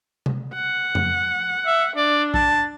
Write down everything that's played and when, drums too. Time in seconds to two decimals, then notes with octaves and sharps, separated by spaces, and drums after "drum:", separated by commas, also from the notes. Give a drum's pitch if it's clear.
0.26 drum: tom C3
0.54 F#5
0.95 drum: tom F2
1.66 E5
1.97 D4 D5
2.34 A5, drum: kick A#1